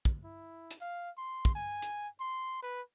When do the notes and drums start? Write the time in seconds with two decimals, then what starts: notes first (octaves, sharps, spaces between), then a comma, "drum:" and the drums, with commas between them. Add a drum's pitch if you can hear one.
0.05 drum: kick
0.24 E4
0.71 drum: hi-hat
0.81 F5
1.17 C6
1.45 drum: kick
1.55 G#5
1.82 drum: hi-hat
2.20 C6
2.62 B4